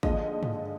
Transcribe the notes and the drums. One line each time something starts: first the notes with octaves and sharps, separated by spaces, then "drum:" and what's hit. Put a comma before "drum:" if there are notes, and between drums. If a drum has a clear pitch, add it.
D#2 D3 F3 G#3 D#5, drum: kick G#1
drum: tom